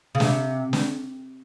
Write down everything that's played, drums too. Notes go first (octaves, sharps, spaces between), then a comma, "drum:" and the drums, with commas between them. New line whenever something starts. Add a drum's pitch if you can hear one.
C#3
C3, drum: snare
drum: snare